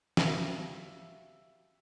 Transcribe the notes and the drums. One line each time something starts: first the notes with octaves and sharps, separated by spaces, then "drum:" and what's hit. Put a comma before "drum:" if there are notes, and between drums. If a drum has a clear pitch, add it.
F#4 G4 E5 F5, drum: snare